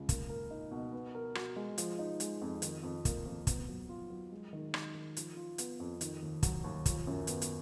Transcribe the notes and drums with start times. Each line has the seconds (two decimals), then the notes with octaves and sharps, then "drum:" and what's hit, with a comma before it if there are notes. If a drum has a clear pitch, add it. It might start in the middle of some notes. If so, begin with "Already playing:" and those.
Already playing: C#2
0.09 A#3, drum: kick, hi-hat
0.29 A#4
0.51 D#4
0.71 B2
0.93 B3
1.15 A#4
1.35 F#4, drum: rim click
1.56 G#3
1.78 F3, drum: hi-hat
1.99 D#4
2.20 G#3, drum: hi-hat
2.41 F2
2.62 D#3, drum: hi-hat
2.83 F2
3.05 A#3, drum: kick, hi-hat
3.25 F2
3.47 B3, drum: kick, hi-hat
3.68 F#3
3.89 F4
4.10 F#3
4.32 G#3
4.53 D#3
4.74 D#4, drum: rim click
4.95 D#3
5.17 F3, drum: hi-hat
5.37 F4
5.58 B3, drum: hi-hat
5.80 F2
6.01 D#3, drum: hi-hat
6.22 D#2
6.43 F#3, drum: kick, hi-hat
6.64 D#2
6.86 F3, drum: kick, hi-hat
7.07 F#2
7.27 B3, drum: hi-hat
7.42 drum: hi-hat